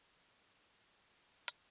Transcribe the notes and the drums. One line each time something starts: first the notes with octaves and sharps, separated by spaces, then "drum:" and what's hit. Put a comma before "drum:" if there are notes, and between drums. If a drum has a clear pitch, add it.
B4 C#5 D#5
F#4 G4 A4 C5 C#5 F#5
D#4 C#5 D5 F#5 G5
C#3 F3
E4 C#5 F#5 A5, drum: hi-hat